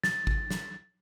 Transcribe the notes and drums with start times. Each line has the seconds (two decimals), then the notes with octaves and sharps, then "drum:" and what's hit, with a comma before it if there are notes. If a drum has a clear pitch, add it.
0.04 A6, drum: snare
0.27 drum: kick
0.50 drum: snare